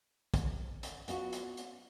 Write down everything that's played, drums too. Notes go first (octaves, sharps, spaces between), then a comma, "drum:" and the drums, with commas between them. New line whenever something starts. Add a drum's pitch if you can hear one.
drum: kick, hi-hat
drum: hi-hat
B3 F4 F#4, drum: hi-hat
drum: hi-hat
drum: hi-hat